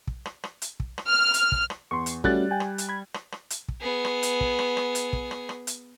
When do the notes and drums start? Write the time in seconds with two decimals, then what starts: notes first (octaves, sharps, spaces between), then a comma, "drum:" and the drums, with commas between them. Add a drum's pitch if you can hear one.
0.07 drum: kick
0.26 drum: rim click
0.44 drum: rim click
0.62 drum: hi-hat
0.80 drum: kick
0.98 drum: rim click
1.07 F6
1.34 drum: hi-hat
1.52 drum: kick
1.70 drum: rim click
1.91 E2 C6 C#6
2.06 drum: hi-hat
2.24 G3 A3 C#4 F#4 F#6 A6, drum: kick
2.51 G5 G#5
2.60 drum: rim click
2.78 drum: hi-hat
2.89 B5 G#6
3.14 drum: rim click
3.32 drum: rim click
3.50 drum: hi-hat
3.68 drum: kick
3.81 B3 G#4
4.05 drum: rim click
4.23 drum: hi-hat
4.41 drum: kick
4.59 drum: rim click
4.77 drum: rim click
4.95 drum: hi-hat
5.13 drum: kick
5.31 drum: rim click
5.49 drum: rim click
5.67 drum: hi-hat